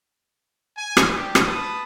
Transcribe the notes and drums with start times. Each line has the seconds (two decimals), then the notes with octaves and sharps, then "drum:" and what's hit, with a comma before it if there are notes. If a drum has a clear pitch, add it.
0.77 G#5
0.97 drum: rim click
1.16 D4 G4
1.35 drum: rim click
1.46 B4 A5 D#6